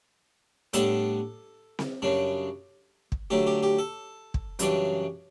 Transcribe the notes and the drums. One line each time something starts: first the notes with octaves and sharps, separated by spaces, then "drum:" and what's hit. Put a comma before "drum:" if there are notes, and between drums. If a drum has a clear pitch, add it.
A2 G3 B3 D4 A4, drum: hi-hat
drum: snare C4
F#2 C#3 G3 D4
drum: kick
D3 F#3 A3 G4
G4
G4
A4
drum: kick
F#2 C#3 E3 G3 D4, drum: hi-hat